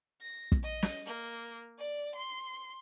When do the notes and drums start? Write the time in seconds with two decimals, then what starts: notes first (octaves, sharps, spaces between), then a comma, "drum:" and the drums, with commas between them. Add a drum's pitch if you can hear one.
0.21 A#6
0.52 drum: kick
0.63 D#5
0.82 drum: snare
1.06 A#3
1.78 D5
2.15 C6